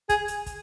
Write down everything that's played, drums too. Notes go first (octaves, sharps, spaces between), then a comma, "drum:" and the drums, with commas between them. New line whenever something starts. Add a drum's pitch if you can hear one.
G#4, drum: kick, hi-hat
drum: hi-hat
drum: kick, hi-hat